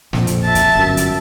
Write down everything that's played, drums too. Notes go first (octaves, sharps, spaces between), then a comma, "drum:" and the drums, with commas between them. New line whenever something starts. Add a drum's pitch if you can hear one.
A#1 F2, drum: snare
drum: hi-hat
E5 A5
drum: kick, hi-hat
G1 F#2
drum: hi-hat